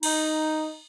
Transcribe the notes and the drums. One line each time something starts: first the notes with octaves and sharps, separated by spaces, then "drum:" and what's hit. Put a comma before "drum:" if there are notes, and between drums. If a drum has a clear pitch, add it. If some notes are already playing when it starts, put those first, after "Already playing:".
D#4, drum: cymbal